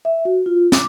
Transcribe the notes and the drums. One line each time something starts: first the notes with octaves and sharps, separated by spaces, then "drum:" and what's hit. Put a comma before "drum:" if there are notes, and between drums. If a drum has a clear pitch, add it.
E5
F#4
F4
D6, drum: snare